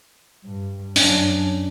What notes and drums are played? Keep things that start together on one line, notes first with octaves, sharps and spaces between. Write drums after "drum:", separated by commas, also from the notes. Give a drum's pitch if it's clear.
G2
F#2 C#4 D4, drum: open hi-hat